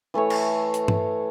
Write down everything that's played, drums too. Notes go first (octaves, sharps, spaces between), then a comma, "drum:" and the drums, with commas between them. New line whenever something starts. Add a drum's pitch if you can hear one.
E3 A3 B4 C#5
drum: cymbal
drum: hi-hat
drum: tom G2